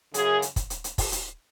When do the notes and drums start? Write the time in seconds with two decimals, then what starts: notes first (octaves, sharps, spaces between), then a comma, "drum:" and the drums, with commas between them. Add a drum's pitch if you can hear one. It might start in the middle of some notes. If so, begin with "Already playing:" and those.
0.14 F#2 C#3 G#4, drum: hi-hat
0.42 drum: hi-hat
0.56 drum: kick, hi-hat
0.70 drum: hi-hat
0.84 drum: hi-hat
0.98 drum: kick, open hi-hat
1.12 drum: hi-hat